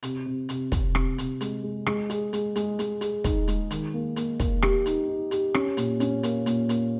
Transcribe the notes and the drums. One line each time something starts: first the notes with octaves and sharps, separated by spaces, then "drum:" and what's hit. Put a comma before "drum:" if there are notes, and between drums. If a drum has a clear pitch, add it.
C3, drum: hi-hat
C3
C3, drum: hi-hat
C3, drum: kick, hi-hat
C3, drum: rim click
C3, drum: hi-hat
G#3, drum: hi-hat
G#3
G#3, drum: rim click
G#4, drum: hi-hat
G#3, drum: hi-hat
G#3, drum: hi-hat
G#3, drum: hi-hat
G#4, drum: hi-hat
D#4, drum: kick, hi-hat
G#3, drum: hi-hat
D#3, drum: hi-hat
A#3
A#3, drum: hi-hat
A#3, drum: kick, hi-hat
G4, drum: rim click
D#4, drum: hi-hat
D#4
G4, drum: hi-hat
C#4, drum: rim click
A#2, drum: hi-hat
C#4, drum: hi-hat
A#3, drum: hi-hat
A#2, drum: hi-hat
A#3, drum: hi-hat